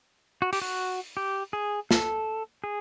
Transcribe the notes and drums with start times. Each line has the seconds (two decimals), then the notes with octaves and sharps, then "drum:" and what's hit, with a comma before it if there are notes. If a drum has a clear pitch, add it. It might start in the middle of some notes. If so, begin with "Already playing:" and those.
0.42 F#4
0.53 G4, drum: open hi-hat
0.62 F#4
1.17 G4
1.53 G#4
1.91 A4, drum: snare
2.64 G#4